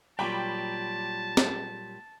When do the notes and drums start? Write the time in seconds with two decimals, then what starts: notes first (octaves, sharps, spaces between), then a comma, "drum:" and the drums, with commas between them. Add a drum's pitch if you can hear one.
0.19 A#2 F#3 G3 G5 A5 B5 D6
1.37 drum: snare